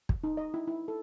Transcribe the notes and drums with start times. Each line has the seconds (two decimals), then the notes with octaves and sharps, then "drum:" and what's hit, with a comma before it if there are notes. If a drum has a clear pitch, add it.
0.09 drum: kick
0.24 D#4
0.37 D#5
0.54 E4
0.67 E4
0.88 A4